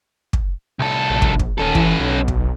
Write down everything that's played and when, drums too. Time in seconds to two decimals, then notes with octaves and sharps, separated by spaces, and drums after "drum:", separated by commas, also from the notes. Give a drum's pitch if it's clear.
0.33 drum: kick
0.79 C2 A4
1.10 A#1
1.22 drum: kick
1.39 drum: kick
1.58 D#1 C#4 A4
1.75 E3, drum: kick
2.00 B1
2.28 drum: kick